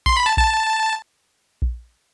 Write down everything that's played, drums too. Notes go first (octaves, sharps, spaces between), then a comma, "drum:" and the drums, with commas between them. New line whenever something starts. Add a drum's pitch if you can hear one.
C6, drum: kick A#1
B5
A5
A5, drum: kick A#1
drum: kick A#1